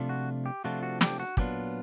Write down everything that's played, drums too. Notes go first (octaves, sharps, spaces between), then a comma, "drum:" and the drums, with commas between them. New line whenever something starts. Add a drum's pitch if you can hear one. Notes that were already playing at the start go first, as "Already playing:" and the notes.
Already playing: C3 F3 A3 D4 F4
F#4
G4
C3 F3 A3 D4 F4 F#4
F#4
G4, drum: snare
F#4
A#2 F#3 B3 D4 F4 G4, drum: kick